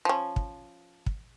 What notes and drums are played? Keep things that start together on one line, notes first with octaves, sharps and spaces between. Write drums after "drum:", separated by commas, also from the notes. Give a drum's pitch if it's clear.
F3 C#4
drum: kick
drum: kick